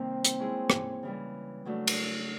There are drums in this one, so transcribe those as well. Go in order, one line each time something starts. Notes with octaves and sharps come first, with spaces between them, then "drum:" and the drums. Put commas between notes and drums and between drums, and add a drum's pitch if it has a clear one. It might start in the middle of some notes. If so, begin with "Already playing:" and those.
Already playing: C3 D#3 G3 A#3 C4 D#4
drum: hi-hat
G#3 C#4 E4 G#4
drum: rim click
C#3 E3 G3
C#3 F#3 A3 D4
drum: cymbal